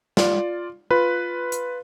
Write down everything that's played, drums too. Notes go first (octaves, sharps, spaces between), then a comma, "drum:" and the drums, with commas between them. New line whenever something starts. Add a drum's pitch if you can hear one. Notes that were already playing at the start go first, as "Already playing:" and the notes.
F4 D5, drum: snare
F4 B4 B5
drum: hi-hat